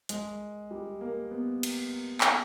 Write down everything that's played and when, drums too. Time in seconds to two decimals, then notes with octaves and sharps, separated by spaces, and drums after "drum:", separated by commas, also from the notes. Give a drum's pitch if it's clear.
0.09 G#3, drum: hi-hat
0.71 G3
1.01 A#3
1.31 B3
1.63 drum: cymbal
2.21 drum: clap